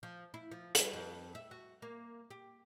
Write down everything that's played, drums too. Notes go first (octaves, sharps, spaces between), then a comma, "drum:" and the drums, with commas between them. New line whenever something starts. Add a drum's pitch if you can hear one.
F3
E4
F3
G3, drum: hi-hat
F2
E5
F#4
A#3
G4